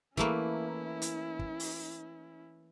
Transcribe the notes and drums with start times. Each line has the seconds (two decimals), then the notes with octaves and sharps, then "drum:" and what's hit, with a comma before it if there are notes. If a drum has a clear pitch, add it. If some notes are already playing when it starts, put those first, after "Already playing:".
0.17 E3 A3 A#3 C#4 E4, drum: kick
1.02 drum: hi-hat
1.39 drum: kick
1.60 drum: open hi-hat